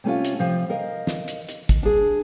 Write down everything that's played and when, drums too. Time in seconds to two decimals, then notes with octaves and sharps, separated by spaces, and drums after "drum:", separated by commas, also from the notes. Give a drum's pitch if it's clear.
0.04 C3 A3 C#4 F4
0.25 drum: hi-hat
0.40 C3 F3
0.70 A#4 D#5 F5
1.07 drum: snare
1.28 drum: hi-hat
1.49 drum: hi-hat
1.69 drum: kick, hi-hat
1.83 D4 G#4